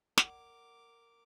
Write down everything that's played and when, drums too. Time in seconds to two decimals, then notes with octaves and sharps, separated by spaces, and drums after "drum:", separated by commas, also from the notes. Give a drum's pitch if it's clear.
0.18 A#4 D5 F#5 D6, drum: snare